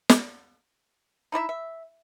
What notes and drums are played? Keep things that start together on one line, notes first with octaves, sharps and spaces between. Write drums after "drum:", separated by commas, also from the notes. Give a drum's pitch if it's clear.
drum: snare
D#4 E4 D5 E5
E5